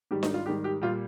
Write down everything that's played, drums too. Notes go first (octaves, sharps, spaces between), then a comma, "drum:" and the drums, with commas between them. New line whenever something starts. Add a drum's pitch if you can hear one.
G#2 D#3 G3 G4
D#4, drum: snare D4
F4
G#2 D#3 G3 G4
G4
A#2 G3 F4